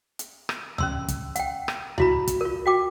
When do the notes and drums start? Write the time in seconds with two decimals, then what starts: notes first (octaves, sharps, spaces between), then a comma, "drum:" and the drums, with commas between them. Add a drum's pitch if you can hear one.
0.19 drum: hi-hat
0.49 drum: rim click
0.78 C#4 C6 E6, drum: tom C#2
1.08 drum: kick, hi-hat
1.36 F#5 G5, drum: hi-hat
1.68 drum: rim click
1.98 E4 F#4 B5, drum: tom C#2
2.27 drum: kick, hi-hat
2.41 F4 A#4
2.66 F#4 G5 D6